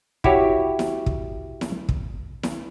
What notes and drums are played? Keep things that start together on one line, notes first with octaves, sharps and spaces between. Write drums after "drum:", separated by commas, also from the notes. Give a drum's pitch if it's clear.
E4 F#4 G4 C#5, drum: kick
drum: snare E4
drum: kick
drum: snare E4
drum: kick
drum: snare E4